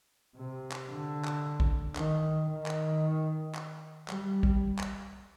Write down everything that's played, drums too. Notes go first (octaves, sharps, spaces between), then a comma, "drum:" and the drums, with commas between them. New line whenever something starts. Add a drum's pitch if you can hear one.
C3
drum: clap
D3
drum: clap
drum: kick
D#3, drum: clap
D#3
drum: clap
drum: clap
G3, drum: clap
drum: kick
drum: clap